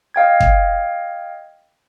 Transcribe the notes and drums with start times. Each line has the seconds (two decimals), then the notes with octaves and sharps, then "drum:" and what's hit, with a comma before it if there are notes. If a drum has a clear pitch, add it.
0.14 D#5 F5 G5 G#6
0.40 drum: kick